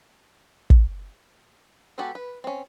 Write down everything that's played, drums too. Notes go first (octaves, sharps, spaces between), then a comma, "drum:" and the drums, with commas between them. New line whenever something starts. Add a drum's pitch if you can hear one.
drum: kick
G#3 B3 F#4 G4 A4
B4
C4 C#4